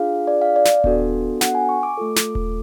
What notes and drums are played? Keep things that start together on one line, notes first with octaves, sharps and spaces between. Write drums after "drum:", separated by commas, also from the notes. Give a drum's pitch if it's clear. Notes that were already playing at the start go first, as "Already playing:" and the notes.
Already playing: D4 F4 G#4 F5
D5
F5
D5
drum: snare
B3 D4 F#4 A4, drum: kick D#1
F#5, drum: snare
G#5
C#6
D6
A3 F4 A4
drum: snare
drum: kick D#1